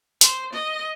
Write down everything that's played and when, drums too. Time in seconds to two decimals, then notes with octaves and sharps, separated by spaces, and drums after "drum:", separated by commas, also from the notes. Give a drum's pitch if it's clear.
0.21 C5, drum: hi-hat
0.53 D#5